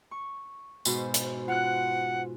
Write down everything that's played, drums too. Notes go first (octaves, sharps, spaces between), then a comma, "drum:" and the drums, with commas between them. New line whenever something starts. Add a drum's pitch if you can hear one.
C#6
G#2 B2 C5, drum: tambourine
drum: hi-hat
F4 F#5 F#6